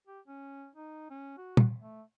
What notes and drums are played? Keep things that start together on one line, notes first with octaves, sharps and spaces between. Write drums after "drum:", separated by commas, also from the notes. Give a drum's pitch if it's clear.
G4
C#4
D#4
C#4
F#4
drum: tom A#2
A3